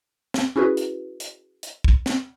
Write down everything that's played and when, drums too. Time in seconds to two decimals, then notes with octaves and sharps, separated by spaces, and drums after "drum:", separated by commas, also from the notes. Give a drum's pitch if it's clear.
0.34 drum: snare
0.56 C#4 E4 F#4 G#4 B4
0.77 drum: hi-hat
1.20 drum: hi-hat
1.63 drum: hi-hat
1.84 drum: kick
2.06 drum: snare